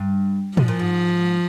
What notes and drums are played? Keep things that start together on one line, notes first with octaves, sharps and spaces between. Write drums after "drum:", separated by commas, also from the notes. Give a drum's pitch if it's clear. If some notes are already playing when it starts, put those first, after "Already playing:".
Already playing: G2
G#2 F3, drum: tom
A#2
G#2